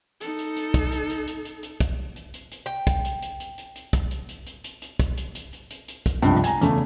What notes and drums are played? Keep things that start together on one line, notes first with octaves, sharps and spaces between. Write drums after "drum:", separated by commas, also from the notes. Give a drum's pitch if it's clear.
D#4 A4, drum: hi-hat
drum: hi-hat
drum: hi-hat
drum: kick, hi-hat
drum: hi-hat
drum: hi-hat
drum: hi-hat
drum: hi-hat
drum: hi-hat
drum: kick, hi-hat
drum: hi-hat
drum: hi-hat
drum: hi-hat
G5
drum: kick, hi-hat
drum: hi-hat
drum: hi-hat
drum: hi-hat
drum: hi-hat
drum: hi-hat
drum: kick, hi-hat
drum: hi-hat
drum: hi-hat
drum: hi-hat
drum: hi-hat
drum: hi-hat
drum: kick, hi-hat
drum: hi-hat
drum: hi-hat
drum: hi-hat
drum: hi-hat
drum: hi-hat
drum: kick, hi-hat
C#2 G2 C3 F3, drum: hi-hat
G#5 A#5, drum: hi-hat
E2 C#3 A3, drum: hi-hat